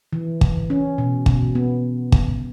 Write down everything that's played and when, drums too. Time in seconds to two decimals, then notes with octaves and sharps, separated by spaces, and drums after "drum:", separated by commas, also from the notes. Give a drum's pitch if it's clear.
0.13 E3
0.41 E3, drum: kick
0.70 C#4
0.98 B2
1.26 B2, drum: kick
1.55 B3
2.12 drum: kick